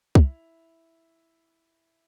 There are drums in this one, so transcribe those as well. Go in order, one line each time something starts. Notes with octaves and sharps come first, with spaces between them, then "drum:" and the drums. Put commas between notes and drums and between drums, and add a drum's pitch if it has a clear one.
E4 F7, drum: kick